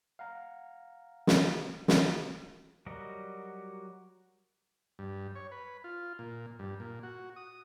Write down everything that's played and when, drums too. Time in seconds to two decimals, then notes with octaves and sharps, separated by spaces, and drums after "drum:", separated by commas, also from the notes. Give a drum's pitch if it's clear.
0.19 F5 F#5 A#5
1.27 drum: snare
1.88 drum: snare
2.86 F#3 G3 F#4 A#4 D#5
4.99 G2
5.35 C#5
5.52 B4
5.84 F4
6.19 A#2
6.59 G2
6.80 A#2
7.03 F#4
7.36 D#6